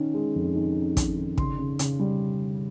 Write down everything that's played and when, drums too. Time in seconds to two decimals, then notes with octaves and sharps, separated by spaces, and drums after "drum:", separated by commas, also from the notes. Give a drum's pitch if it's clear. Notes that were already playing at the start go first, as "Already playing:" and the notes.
Already playing: D#3 C#4
0.14 G#3
0.35 F2
0.55 D#3
0.77 C#4
0.97 D#3, drum: kick, hi-hat
1.16 D#3
1.38 C#3 C6, drum: kick
1.58 C#3
1.79 C#3, drum: hi-hat
2.00 G3